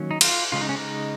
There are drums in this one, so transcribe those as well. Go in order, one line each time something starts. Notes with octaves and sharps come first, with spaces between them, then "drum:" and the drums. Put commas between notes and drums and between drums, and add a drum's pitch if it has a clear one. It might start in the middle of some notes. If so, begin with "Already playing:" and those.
Already playing: D#3 F#3 A#3 C#4
D#4
F4, drum: cymbal
C#3 G#3 C#4 F4
D#4
C#4
D#4